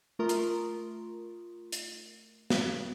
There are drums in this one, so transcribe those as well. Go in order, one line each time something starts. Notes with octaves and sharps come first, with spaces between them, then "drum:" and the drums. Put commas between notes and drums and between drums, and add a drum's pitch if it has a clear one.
A3 F4 A#4 A#5 C6 D#6
drum: hi-hat
drum: hi-hat
drum: snare